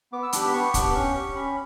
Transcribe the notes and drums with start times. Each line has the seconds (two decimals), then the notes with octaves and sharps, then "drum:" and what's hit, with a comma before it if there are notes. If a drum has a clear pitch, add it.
0.12 B3 D6
0.23 E6
0.33 D4 G4 D6, drum: hi-hat
0.44 B5
0.53 B3 C#6
0.74 D4 G4 D6, drum: kick, hi-hat
0.94 C#4 C#6
1.14 G4
1.35 C#4 B5